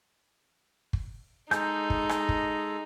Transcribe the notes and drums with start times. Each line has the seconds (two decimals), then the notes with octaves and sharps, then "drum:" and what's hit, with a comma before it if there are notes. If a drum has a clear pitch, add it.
0.93 drum: kick
1.51 G#3 D#4 G#4 A4 G6, drum: rim click
1.90 drum: kick
2.09 drum: rim click
2.29 drum: kick